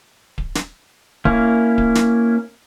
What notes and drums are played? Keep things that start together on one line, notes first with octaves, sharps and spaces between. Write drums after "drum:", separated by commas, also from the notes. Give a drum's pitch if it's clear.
drum: kick D1
drum: snare
A#3 C#4 E4, drum: kick D1
drum: kick D1
drum: snare